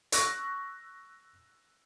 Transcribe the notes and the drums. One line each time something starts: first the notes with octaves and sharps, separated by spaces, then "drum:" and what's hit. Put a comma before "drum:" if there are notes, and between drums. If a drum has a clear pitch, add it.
C#6 E6 F#6 A#6, drum: hi-hat